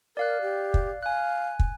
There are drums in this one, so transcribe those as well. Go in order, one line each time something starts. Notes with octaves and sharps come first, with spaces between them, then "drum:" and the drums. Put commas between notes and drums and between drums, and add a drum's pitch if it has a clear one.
A#4 D5 F5 F#6
G4
drum: kick
F5 G#5 F#6
drum: kick